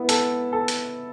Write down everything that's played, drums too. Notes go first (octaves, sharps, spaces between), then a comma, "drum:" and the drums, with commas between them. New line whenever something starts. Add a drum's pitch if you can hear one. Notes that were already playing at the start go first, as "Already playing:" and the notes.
Already playing: B3 E4
A4, drum: hi-hat
A4
drum: hi-hat